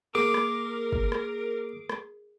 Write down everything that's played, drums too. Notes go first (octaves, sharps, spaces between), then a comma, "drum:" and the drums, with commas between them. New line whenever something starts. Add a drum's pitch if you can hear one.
A#3 G#4 A#4 D6
drum: rim click
drum: kick
drum: rim click
drum: rim click